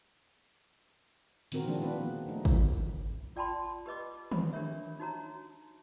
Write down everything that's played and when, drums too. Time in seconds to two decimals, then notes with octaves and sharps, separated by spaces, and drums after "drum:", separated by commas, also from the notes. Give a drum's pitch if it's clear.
1.52 A#2 D#3 C4 F#4 A#4, drum: hi-hat
1.65 E3 F3 G#3 A#3 D4
1.82 B3 B4
1.96 F3
2.26 G#3 A3 D#4
2.45 E3 F3, drum: kick
3.36 F4 D5 G5 A5 B5 C6
3.86 G4 B4 D#5 D6
4.32 B5, drum: tom D#3
4.53 D4 G4 A#4 C#5 E5
5.00 D#4 F#4 C#5 A#5